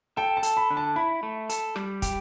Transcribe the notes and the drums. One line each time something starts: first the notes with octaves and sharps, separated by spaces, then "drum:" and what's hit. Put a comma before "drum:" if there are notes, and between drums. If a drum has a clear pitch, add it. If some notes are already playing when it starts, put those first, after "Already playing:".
A4 G5
A5
A4, drum: hi-hat
B5
D3
A5
E4 B5
A3
A4, drum: hi-hat
G3, drum: rim click
G4, drum: kick, hi-hat